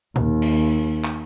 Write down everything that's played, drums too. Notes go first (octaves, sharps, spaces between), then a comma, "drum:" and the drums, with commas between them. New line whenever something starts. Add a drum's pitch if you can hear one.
D#2, drum: tom A#2
drum: cymbal
drum: clap